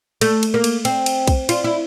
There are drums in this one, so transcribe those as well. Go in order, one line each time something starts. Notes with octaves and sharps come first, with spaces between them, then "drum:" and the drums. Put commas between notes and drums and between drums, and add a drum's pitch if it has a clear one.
A3, drum: cymbal
drum: cymbal
A#3
drum: cymbal
C4, drum: cymbal
drum: cymbal
drum: kick B1, cymbal
F4, drum: cymbal
E4